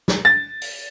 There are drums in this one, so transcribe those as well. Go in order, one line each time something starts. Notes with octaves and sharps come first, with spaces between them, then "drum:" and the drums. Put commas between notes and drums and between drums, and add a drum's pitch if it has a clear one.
drum: snare
A6
drum: open hi-hat